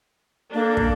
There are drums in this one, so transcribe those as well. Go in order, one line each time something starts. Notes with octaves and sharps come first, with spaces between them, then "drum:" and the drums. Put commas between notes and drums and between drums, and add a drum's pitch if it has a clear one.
A#3 D4 A4
drum: kick